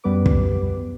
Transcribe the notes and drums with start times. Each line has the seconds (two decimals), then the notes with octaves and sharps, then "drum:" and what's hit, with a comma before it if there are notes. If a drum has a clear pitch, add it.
0.04 F#2 G3 B3 B4 D6
0.26 drum: kick